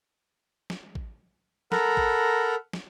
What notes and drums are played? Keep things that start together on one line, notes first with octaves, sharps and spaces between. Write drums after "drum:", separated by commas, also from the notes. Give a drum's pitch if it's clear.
drum: snare
drum: kick A1
A4 A#4 F#5 A#5 B5, drum: snare
drum: kick A1
drum: snare